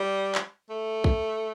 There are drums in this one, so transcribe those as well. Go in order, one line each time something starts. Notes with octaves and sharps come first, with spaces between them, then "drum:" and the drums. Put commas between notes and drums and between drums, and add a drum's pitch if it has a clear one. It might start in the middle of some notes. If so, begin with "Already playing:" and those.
Already playing: G3
drum: clap
A3
drum: kick